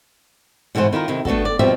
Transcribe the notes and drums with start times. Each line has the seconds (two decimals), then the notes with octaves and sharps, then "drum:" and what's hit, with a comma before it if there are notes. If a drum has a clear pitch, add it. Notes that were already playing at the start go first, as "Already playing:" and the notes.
0.75 G#2 B2 E3 B3 C5
0.92 D#3 E4 F4 A#4
1.08 C3 D#3 E4
1.25 A3 B3 D4 F#4 A4, drum: kick
1.45 D5
1.59 D#2 B2 F3 G3 C4 E5